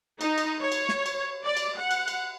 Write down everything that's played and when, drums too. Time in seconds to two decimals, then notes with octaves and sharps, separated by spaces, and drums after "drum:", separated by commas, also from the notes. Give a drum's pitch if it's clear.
0.21 D#4, drum: cymbal
0.38 drum: cymbal
0.61 C#5
0.72 drum: cymbal
0.89 drum: snare
1.06 drum: cymbal
1.44 D5
1.57 drum: cymbal
1.78 F#5
1.91 drum: cymbal
2.08 drum: cymbal